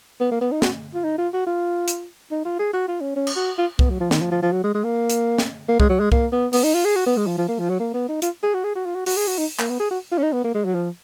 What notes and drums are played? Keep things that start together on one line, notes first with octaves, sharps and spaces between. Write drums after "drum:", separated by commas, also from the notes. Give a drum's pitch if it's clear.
B3
A#3
B3
D#4
F#4, drum: snare
F4
D#4
F4
F#4
F4
drum: hi-hat
D#4
F4
G#4
F#4
F4
C#4
C#4
drum: cymbal
F#4
F4
B3, drum: kick C2
F#3
F3
D#3, drum: snare
F3
F3
F3
F#3
G#3
G#3
A#3
drum: hi-hat
drum: snare
A#3
G#3, drum: kick C2
F#3
G#3
A#3, drum: kick C2
B3
B3, drum: open hi-hat
D#4
F4
G#4
F#4
B3
G#3
F3
F3
A#3
F3
F#3
A#3
B3
D#4
F4, drum: hi-hat
G#4
F#4
G#4
F#4
F4
F#4
F#4, drum: open hi-hat
G#4
F#4
D#4
A#3, drum: clap
B3
G#4
F#4
F4
C#4
D#4
B3
A#3
G#3
F#3
F3